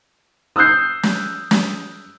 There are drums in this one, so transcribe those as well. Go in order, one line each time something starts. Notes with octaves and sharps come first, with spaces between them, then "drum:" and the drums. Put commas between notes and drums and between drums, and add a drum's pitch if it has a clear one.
D#6 E6 F#6 G6 C7
drum: snare
drum: snare